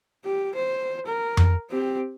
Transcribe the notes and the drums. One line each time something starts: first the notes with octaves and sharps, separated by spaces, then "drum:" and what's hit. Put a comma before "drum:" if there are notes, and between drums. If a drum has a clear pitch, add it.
G4
C5
A#4
drum: tom F2
C4 G4